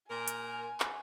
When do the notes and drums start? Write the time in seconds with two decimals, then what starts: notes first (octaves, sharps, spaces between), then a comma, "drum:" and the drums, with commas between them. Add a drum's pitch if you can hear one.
0.10 A#2 A#4 G#5
0.28 drum: hi-hat
0.80 drum: clap